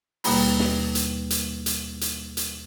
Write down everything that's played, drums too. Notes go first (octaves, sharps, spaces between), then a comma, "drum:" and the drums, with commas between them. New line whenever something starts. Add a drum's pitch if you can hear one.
D#2 B2 G3 A#3 B5, drum: open hi-hat
drum: snare
drum: hi-hat
drum: hi-hat
drum: hi-hat
drum: hi-hat
drum: hi-hat